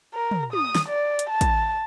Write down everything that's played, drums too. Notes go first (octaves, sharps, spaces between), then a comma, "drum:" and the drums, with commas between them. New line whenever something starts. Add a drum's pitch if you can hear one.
A#4
drum: tom
D#6, drum: tom
drum: snare
D5
drum: hi-hat
A5
drum: kick, hi-hat